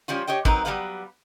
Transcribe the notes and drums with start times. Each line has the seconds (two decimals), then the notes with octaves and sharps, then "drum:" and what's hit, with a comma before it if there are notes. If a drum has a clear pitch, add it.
0.08 F3 G3 C#4 F4
0.27 G4 C#5 D#5 G5
0.45 F#3 C4 D#4 A#4 B4, drum: kick
0.65 F#3 G3 A#3 B3 B4 F5